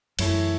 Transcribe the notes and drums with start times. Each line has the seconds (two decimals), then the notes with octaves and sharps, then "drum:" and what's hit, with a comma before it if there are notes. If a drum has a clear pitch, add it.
0.19 F#2 E3 A3 E4 C#5, drum: cymbal